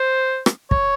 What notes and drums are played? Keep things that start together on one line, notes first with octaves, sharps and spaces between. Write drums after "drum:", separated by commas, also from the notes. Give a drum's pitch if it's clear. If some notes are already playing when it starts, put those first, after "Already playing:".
Already playing: C5
drum: rim click
C#5, drum: kick